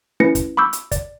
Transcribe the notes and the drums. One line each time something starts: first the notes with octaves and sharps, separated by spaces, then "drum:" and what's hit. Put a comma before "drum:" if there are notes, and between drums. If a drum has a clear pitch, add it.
A3 C#4 E4 B4 A#6 C#7
drum: kick, hi-hat
B5 C#6 D6 E6 G6
drum: hi-hat
D5, drum: kick, hi-hat